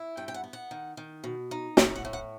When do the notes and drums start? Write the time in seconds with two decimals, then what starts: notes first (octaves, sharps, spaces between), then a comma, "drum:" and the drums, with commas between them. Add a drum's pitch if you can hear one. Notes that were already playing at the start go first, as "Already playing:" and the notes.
Already playing: E4
0.17 G2 G5
0.28 G5
0.34 F#5
0.44 B3
0.53 F#5
0.71 D#3
0.97 D#3
1.24 B2
1.51 D#4
1.77 A2 G5, drum: snare
1.96 F#5
2.05 A2
2.13 F#5